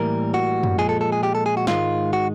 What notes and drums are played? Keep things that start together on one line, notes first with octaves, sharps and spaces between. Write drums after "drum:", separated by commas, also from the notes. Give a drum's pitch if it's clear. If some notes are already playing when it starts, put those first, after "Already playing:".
Already playing: A2 E3 G3 A#3 A#4
F#4
drum: tom F#2
A#2 F3 G#3 G#4
A4
A4
G#4
G4
A4
G#4
F#4
G#2 D#3 G#3 F4, drum: snare
F#4